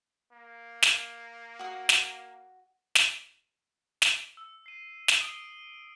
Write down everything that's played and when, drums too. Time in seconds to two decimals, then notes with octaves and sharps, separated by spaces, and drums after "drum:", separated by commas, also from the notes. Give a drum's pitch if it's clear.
0.32 A#3
0.82 drum: snare
1.59 F#4 D#6
1.89 drum: snare
2.95 drum: snare
4.02 drum: snare
4.37 E6
4.66 C7 D#7
5.08 drum: snare
5.20 D#6 C7 D7 D#7 G7